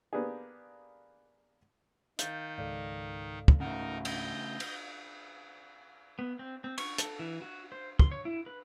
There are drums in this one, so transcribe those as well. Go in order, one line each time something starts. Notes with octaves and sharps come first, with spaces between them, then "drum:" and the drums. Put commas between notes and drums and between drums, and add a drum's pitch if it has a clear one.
A#3 B3 D4 G4 G#4
D#3 D#4 F5 G6 A6, drum: hi-hat
C#2 G#2 A4 D5 F5
drum: kick
C#3 A3 C#4 D#4 A#4 F#5
D#5 G6, drum: cymbal
drum: cymbal
B3
C4
C4
C#6, drum: cymbal
A4, drum: hi-hat
E3
F#4
C5
C6, drum: kick
C#5
E4
B4